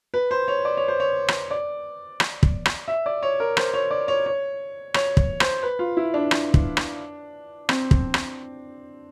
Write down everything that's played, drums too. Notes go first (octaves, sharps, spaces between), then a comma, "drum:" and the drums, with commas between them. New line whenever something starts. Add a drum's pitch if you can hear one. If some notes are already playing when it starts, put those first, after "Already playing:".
B4
C5
C#5
D5
C#5
C5
C#5
drum: rim click
D5
drum: rim click
drum: kick
drum: rim click
E5
D5
C#5
A#4
C5, drum: rim click
C#5
D5
C#5
C#5
C#5, drum: rim click
drum: kick
C5, drum: rim click
B4
F4
E4
D4
drum: rim click
drum: kick
drum: rim click
C4, drum: rim click
drum: kick
drum: rim click